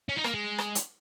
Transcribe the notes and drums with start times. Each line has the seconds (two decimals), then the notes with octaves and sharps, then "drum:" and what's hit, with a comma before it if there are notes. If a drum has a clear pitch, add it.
0.09 C#4
0.16 D#4
0.24 A#3, drum: rim click
0.34 G#3
0.58 drum: rim click
0.75 drum: hi-hat